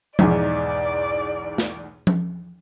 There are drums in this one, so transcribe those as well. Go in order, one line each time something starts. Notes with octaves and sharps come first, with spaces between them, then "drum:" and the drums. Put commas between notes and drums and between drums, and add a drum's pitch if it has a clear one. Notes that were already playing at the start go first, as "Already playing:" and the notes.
B1 E2 G#2 D5, drum: tom F3
drum: snare
drum: tom F3